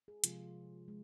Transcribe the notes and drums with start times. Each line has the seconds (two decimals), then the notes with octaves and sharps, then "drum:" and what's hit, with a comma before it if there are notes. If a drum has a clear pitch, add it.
0.08 G#4
0.24 C3 F3 G#3 F4, drum: hi-hat
0.88 G#3